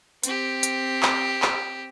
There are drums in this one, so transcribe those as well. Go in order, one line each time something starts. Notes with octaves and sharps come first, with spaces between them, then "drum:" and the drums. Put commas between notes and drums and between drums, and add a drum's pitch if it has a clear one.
C4 G4, drum: hi-hat
drum: hi-hat
drum: clap
drum: clap